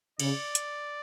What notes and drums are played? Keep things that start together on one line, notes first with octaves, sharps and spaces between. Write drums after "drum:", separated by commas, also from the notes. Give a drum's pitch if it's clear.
C#3 D5, drum: cymbal
drum: hi-hat